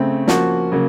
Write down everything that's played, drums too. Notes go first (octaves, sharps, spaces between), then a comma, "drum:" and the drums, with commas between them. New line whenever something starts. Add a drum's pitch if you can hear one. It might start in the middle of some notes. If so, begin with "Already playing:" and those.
Already playing: C#3 A3 C4
F3 A#3 C#4 F#4, drum: snare
C#3 F#3 A#3